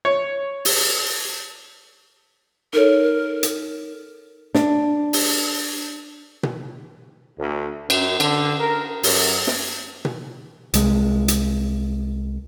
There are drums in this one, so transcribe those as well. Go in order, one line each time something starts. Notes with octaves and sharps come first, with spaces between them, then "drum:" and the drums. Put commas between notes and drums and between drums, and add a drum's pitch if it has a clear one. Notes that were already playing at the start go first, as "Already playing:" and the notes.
C#5
drum: open hi-hat
D#4 A4 A#4 C#5
drum: hi-hat
D4, drum: snare
drum: open hi-hat
drum: tom B2
D2
F#2, drum: cymbal
D3, drum: cymbal
A#4
F#2, drum: open hi-hat
drum: snare
drum: tom B2
C2 G#3, drum: hi-hat
drum: hi-hat